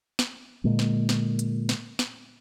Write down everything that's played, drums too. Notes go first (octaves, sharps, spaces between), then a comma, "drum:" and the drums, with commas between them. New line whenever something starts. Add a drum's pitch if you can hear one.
drum: snare
A#2 D3 G#3 A#3
drum: snare
drum: snare
drum: hi-hat
drum: snare
drum: snare